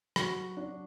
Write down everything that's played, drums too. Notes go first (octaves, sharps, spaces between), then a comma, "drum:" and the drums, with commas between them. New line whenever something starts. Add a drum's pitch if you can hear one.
F#3 F#4, drum: rim click
F#3
F#3 D4